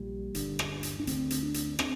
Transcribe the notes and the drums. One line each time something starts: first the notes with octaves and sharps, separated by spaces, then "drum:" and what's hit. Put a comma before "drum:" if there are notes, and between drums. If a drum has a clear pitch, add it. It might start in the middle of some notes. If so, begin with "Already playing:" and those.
Already playing: A#1 A#2 G3
G1 G2 D3, drum: hi-hat
drum: rim click
drum: hi-hat
D4
D2 D3 C4, drum: hi-hat
drum: hi-hat
D4
drum: hi-hat
C4, drum: rim click